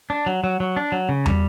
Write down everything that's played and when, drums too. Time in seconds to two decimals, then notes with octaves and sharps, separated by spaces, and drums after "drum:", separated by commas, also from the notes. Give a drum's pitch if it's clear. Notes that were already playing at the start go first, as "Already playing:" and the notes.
0.10 D4
0.26 F#3
0.44 F#3
0.60 F#3
0.76 D4
0.92 F#3
1.09 C#3
1.26 G3, drum: tom E2